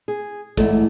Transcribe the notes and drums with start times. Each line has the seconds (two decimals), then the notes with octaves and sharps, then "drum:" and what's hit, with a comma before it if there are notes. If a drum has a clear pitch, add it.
0.08 G#4
0.57 E2 G#2 A3, drum: kick, hi-hat